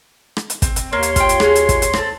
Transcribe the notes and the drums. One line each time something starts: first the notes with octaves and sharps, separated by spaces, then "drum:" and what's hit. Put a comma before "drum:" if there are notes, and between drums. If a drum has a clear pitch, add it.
drum: rim click
drum: hi-hat
C4, drum: kick, hi-hat
drum: hi-hat
D#2 A#3 C#5 C6
drum: hi-hat
F4 G5, drum: kick, hi-hat
drum: hi-hat
G#3 F4, drum: rim click
drum: hi-hat
drum: kick, hi-hat
drum: hi-hat
C4 A4, drum: rim click